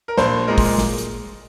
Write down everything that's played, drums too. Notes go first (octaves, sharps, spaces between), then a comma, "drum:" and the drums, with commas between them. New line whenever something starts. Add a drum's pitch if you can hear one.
A#4
A#1 C5, drum: snare
A#2 G#3 A#4
drum: kick, open hi-hat
drum: snare
drum: hi-hat